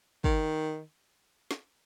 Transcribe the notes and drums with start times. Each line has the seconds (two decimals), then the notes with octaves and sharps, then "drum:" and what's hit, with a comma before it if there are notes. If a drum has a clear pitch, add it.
0.24 D#3, drum: kick
1.51 drum: snare